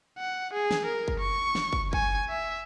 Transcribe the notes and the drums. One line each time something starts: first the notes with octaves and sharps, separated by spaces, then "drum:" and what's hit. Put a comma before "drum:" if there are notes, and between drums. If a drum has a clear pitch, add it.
F#5
G#4
drum: snare
A#4
drum: kick
C#6
drum: snare
drum: kick
G#5, drum: kick
E5